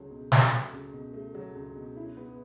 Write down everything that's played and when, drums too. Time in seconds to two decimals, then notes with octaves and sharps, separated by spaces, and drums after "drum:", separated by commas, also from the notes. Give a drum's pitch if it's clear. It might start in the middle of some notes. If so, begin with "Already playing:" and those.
Already playing: C#2 F#3 A3
0.11 B2
0.32 A3, drum: snare
0.52 F#3
0.73 C#2
0.93 B2
1.14 A3
1.35 F#3
1.55 C#2
1.76 B2
1.96 E4
2.17 B3